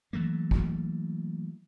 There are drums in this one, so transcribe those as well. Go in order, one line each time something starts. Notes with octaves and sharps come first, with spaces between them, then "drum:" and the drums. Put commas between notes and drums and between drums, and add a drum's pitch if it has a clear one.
E3 F#3 A3 A#3
drum: kick G#1